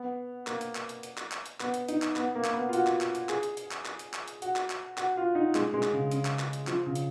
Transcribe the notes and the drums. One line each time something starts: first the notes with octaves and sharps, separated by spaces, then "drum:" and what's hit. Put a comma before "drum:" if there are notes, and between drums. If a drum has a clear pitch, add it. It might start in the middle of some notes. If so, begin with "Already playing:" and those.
Already playing: B3
A#3, drum: clap
drum: hi-hat
drum: clap
drum: hi-hat
drum: hi-hat
drum: clap
drum: clap
drum: hi-hat
B3, drum: clap
drum: hi-hat
D#4, drum: hi-hat
drum: clap
B3, drum: clap
A#3
drum: clap
B3
F4
F#4, drum: hi-hat
drum: clap
drum: clap
drum: hi-hat
G#4, drum: clap
drum: hi-hat
drum: hi-hat
drum: clap
drum: clap
drum: hi-hat
drum: clap
drum: hi-hat
F#4, drum: hi-hat
drum: clap
drum: clap
F#4, drum: clap
F4
D#4
G#3, drum: clap
G#3
drum: clap
C#3
C#3, drum: hi-hat
drum: clap
drum: clap
drum: hi-hat
F3, drum: clap
C#3
drum: hi-hat